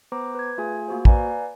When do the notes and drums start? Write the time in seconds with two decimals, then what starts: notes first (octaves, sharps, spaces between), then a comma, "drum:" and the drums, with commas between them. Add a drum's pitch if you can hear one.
0.12 B3 B4 C5 A#5 D6
0.35 B4 G#6
0.58 A3 F4 G#4 G#5
0.88 A#3 F#4 C5
1.05 B4 D5 F5 G#5 A#5, drum: kick